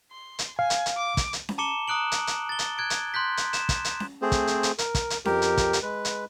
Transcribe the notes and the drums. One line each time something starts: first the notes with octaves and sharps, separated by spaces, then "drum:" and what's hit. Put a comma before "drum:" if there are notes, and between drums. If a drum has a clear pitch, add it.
C6
drum: hi-hat
F5 G#5
drum: hi-hat
drum: hi-hat
D6
drum: kick, hi-hat
drum: hi-hat
drum: snare C#4
A5 A#5 D6 C#7 E7 G7
A#5 D#6 F#6 D7 F#7
drum: hi-hat
drum: hi-hat
A6 G7
drum: hi-hat
F#6 G#6 D7
drum: hi-hat
C6 F#6 G6 B6
drum: hi-hat
E7, drum: hi-hat
drum: kick, hi-hat
drum: hi-hat
drum: snare C#4
A3 C4 G#4 C5
drum: kick, hi-hat
drum: hi-hat
drum: hi-hat
A#4, drum: hi-hat
drum: kick, hi-hat
drum: hi-hat
F2 G4 A#4, drum: snare C#4
drum: hi-hat
drum: kick, hi-hat
drum: hi-hat
G#3 B4
drum: hi-hat